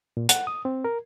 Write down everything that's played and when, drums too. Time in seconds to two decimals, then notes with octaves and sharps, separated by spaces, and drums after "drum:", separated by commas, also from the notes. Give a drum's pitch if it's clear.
0.17 A#2
0.29 F#5, drum: hi-hat
0.47 D#6
0.65 C4
0.85 A#4